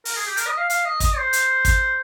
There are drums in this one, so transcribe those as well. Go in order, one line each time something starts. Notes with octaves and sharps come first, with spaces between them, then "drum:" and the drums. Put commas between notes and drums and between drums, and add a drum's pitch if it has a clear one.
A#4, drum: open hi-hat
G#4
G4
A#4, drum: hi-hat
D#5
F5
F5, drum: hi-hat
D#5
D#5, drum: kick, hi-hat
C5
drum: hi-hat
drum: kick, hi-hat